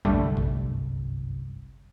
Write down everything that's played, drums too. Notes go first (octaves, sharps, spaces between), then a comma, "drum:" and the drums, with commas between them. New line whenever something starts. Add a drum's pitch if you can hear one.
G1 C2 F#2 D3 G3 A3, drum: kick A#1
drum: kick A#1